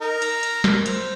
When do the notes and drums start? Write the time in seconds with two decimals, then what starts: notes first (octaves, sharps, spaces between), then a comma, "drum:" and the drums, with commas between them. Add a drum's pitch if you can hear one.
0.01 D#4 A#4
0.22 drum: cymbal
0.43 drum: cymbal
0.64 drum: snare
0.86 C5, drum: cymbal